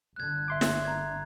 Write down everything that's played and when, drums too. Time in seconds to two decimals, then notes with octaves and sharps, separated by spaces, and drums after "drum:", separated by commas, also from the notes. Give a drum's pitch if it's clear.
0.16 G1 D3 F#6 G#6
0.48 E5 C6 D6
0.61 drum: snare
0.85 A#5 G#6